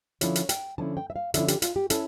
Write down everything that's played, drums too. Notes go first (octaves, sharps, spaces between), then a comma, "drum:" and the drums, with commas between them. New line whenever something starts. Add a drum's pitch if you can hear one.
D3 F3 C#4 E4 C#5, drum: hi-hat
drum: hi-hat
G5, drum: hi-hat
D3 F3 C#4 E4 A5
G5
E5
F5
D3 F3 C#4 E4 E5, drum: hi-hat
G4, drum: hi-hat
F4, drum: hi-hat
G4
C#4 E4 A4, drum: hi-hat